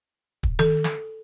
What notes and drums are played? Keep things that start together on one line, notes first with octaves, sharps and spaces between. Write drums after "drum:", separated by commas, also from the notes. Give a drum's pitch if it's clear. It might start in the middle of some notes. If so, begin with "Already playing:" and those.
drum: kick
A4, drum: tom D#3
drum: snare